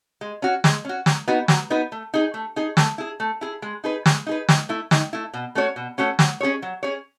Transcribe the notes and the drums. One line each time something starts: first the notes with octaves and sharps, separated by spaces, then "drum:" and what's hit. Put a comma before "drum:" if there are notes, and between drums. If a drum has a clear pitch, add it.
G#3
C#4 F#4
G#3, drum: snare
C#4 F#4
F#3, drum: snare
B3 D#4 F#4 B4
F#3, drum: snare
B3 D#4 F#4 B4
A3
D#4 G#4
A3
D#4 G#4
A3, drum: snare
E4 G#4
A3
E4 G#4
G#3
D#4 G#4 B4
G#3, drum: snare
D#4 G#4 B4
D#3, drum: snare
A3 E4
D#3, drum: snare
A3 E4
B2
A3 C#4 F#4 C#5
B2
A3 C#4 F#4 C#5
F#3, drum: snare
C#4 G#4 C#5
F#3
C#4 G#4 C#5